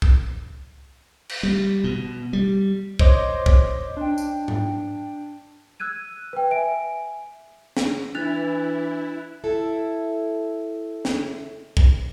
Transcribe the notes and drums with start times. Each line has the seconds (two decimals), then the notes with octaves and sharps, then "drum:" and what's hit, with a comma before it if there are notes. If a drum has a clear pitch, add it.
0.02 drum: kick
1.29 drum: cymbal
1.43 G3
1.84 B2
2.33 G3
2.99 C5 C#5 D#5 C6 D6, drum: kick
3.46 drum: kick
3.97 D4 G5
4.18 drum: tambourine
4.48 drum: tom G#2
5.80 E6 F#6 G#6 D#7
6.33 B4 G5
6.51 E5 G#5 D7
7.77 drum: snare
8.15 E3 D4 E4 F#6 A6 F7
9.44 E4 A4
11.05 drum: snare
11.77 drum: kick